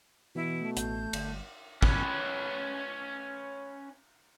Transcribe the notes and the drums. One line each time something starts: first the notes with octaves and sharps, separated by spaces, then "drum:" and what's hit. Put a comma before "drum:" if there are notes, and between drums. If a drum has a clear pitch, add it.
B2 E3 E4
A3
A1 G6, drum: hi-hat
G1, drum: cymbal
C#4 B4, drum: kick